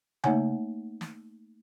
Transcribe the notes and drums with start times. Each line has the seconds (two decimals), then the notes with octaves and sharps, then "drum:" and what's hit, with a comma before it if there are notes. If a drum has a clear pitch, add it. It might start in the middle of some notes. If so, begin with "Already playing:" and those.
0.24 A3 A#3 D#4 C#5 F#5 G#5, drum: tom C#3
1.01 drum: snare